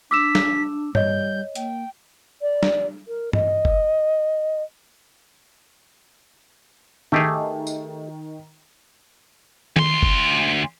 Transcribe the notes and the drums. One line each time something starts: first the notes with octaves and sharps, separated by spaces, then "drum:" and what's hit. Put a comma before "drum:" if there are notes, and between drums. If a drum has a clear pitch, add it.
D4 D6 E6 B6 E7
drum: snare
G3 C#5 D#5 G6, drum: tom G2
A#3 G5, drum: hi-hat
D5
drum: snare
A#4
D#5, drum: tom G2
drum: kick
D#3 A3 G4 G#4
drum: tambourine
D2 C6, drum: tom D#3
drum: kick